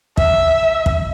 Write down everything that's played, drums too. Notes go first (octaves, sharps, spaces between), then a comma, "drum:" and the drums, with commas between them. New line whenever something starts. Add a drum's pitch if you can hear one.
E5, drum: kick
drum: kick